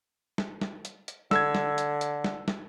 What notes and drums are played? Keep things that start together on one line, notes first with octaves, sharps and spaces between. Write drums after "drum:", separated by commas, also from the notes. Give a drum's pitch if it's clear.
drum: snare
drum: snare
drum: hi-hat
drum: hi-hat
D3 E6 G#6, drum: snare
drum: snare
drum: hi-hat
drum: hi-hat
drum: snare
drum: snare